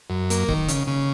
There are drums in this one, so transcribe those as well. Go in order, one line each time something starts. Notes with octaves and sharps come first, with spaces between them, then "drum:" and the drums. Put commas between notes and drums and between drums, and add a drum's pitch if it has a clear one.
F#2
A#3, drum: hi-hat
D#3, drum: kick C#1
C#3, drum: hi-hat
C#3